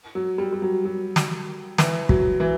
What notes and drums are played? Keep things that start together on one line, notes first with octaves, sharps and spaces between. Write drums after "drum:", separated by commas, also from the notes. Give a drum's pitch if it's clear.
F#3
G3
G3
F#3
F#3
drum: snare
E3, drum: snare
F#3, drum: kick
E3